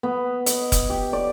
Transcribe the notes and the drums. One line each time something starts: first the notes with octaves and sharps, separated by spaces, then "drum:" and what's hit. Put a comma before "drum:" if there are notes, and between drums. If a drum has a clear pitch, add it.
B3
D#5, drum: hi-hat
drum: kick F1, hi-hat
G4
D5